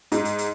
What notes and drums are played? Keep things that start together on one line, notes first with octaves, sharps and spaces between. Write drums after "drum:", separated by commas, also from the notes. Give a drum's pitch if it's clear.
G#2, drum: hi-hat
drum: hi-hat
drum: hi-hat